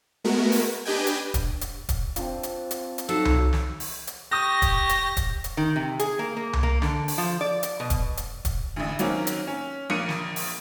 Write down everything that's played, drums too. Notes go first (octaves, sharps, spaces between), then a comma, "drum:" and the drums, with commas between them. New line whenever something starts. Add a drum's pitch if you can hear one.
G#3 A3 B3 F#4 A#4
drum: open hi-hat
D4 G4 B4 D#5 G5 G#5
drum: hi-hat
drum: kick, hi-hat
drum: hi-hat
drum: kick, hi-hat
C4 D4 F4, drum: hi-hat
drum: hi-hat
drum: hi-hat
drum: hi-hat
F#3 D#4 A4
drum: tom C2
drum: snare
drum: open hi-hat
drum: hi-hat
G4 C#6 D#6 G6 A#6
drum: kick, hi-hat
drum: hi-hat
drum: kick, hi-hat
drum: hi-hat
D#3
C3
G#4, drum: hi-hat
A#3
A#3
drum: tom C2
A#3
D3, drum: snare
drum: open hi-hat
F3
D5
drum: hi-hat
B2
drum: kick, hi-hat
drum: hi-hat
drum: kick, hi-hat
A1 D2
D#3 F#3 A#3 C4 C#4, drum: hi-hat
drum: hi-hat
C#4
A#1 A#3 C#7 D#7
drum: snare
drum: open hi-hat